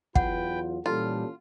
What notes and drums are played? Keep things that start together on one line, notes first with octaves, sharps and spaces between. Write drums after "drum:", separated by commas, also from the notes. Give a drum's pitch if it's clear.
E2 F#3 F4 B4 F#5 G5, drum: kick
A#2 E3 G3 C#4 F4 A4